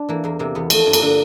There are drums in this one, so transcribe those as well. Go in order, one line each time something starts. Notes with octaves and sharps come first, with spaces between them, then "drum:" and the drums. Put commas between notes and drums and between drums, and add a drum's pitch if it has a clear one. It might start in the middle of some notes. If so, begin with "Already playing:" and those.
Already playing: D4
E3 A#3
E2 A#3
C3 A#3
E2 B3
F3 A3, drum: cymbal
G2
A#3, drum: cymbal
D3